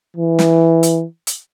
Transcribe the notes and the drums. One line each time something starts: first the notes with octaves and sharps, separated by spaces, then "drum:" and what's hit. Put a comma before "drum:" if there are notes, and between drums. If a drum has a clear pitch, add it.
E3
drum: snare
drum: hi-hat
drum: hi-hat